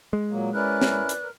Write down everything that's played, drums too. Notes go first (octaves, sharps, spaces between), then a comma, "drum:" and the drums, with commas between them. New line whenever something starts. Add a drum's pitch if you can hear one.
G#3
A#2 F#3 A#3
C#4 E4 A#4 B4 D5 F#6
drum: snare
drum: hi-hat
A#4